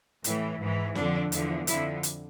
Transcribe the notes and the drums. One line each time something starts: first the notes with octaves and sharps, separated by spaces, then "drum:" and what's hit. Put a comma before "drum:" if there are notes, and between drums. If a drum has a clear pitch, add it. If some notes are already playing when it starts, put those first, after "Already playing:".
A2 E3, drum: hi-hat
G#2 E3
F2 D3 F3 D4, drum: snare
E2 D3 F3, drum: hi-hat
F2 D3 F3 E4, drum: hi-hat
drum: hi-hat